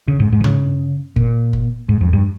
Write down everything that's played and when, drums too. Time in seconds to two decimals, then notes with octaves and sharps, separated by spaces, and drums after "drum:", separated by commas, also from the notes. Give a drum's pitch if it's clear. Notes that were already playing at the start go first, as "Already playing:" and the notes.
0.08 C#3
0.20 G#2
0.32 G#2
0.40 E3
0.44 C#3, drum: tom
1.16 A#2, drum: kick
1.53 drum: kick
1.89 G#2
2.01 F2
2.13 G2